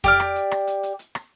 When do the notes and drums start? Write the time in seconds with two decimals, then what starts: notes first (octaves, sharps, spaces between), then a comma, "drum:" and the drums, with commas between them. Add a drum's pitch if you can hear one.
0.04 G4 D5 F6, drum: kick F2, hi-hat
0.20 drum: rim click
0.36 drum: hi-hat
0.51 drum: rim click
0.67 drum: hi-hat
0.83 drum: hi-hat
0.99 drum: hi-hat
1.15 drum: rim click